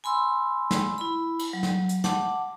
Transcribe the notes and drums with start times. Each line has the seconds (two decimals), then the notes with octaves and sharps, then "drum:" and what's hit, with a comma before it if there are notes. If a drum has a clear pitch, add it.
0.04 G#5 B5 C6 E6
0.71 drum: snare
0.98 E4 B5
1.39 drum: cymbal
1.53 F#3
1.63 drum: snare
1.89 drum: hi-hat
2.04 F#5 A5 D6, drum: snare